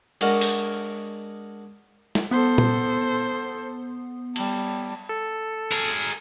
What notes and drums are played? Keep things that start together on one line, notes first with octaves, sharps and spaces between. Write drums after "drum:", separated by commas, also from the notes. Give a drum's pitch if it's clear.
G#3 D4 F#4 A#4 D#5 F#5, drum: cymbal
drum: open hi-hat
drum: snare
B3 A4 C5
drum: tom A#2
G3 A5, drum: cymbal
A4
G#4 A#4, drum: hi-hat